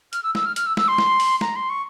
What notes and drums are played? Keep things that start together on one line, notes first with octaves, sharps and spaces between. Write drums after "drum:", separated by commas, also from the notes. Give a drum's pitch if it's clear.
F6, drum: hi-hat
E6
E6, drum: snare
F6
F6, drum: hi-hat
E6
E6, drum: snare
C6
drum: snare
drum: open hi-hat
A#5, drum: snare
C6
C#6